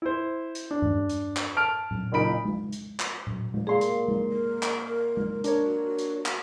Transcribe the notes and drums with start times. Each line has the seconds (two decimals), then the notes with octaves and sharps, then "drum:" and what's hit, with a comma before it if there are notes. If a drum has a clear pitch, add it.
0.02 E4 C5
0.55 drum: hi-hat
0.71 D4
0.82 drum: tom G2
1.09 drum: hi-hat
1.37 drum: clap
1.57 A5 F6 D7
1.91 drum: tom A#2
2.12 F#1 A#2 D#4 B5 D7
2.45 drum: tom G#3
2.72 drum: hi-hat
3.00 drum: clap
3.27 drum: tom A#2
3.54 drum: tom G#3
3.67 A#2 G#4 F5 C6
3.81 drum: hi-hat
4.08 drum: tom G#3
4.32 A#4
4.63 drum: clap
4.84 A#4
5.17 drum: tom G#3
5.44 D4 A#4 C#5, drum: hi-hat
5.64 F#4
5.99 drum: hi-hat
6.26 drum: clap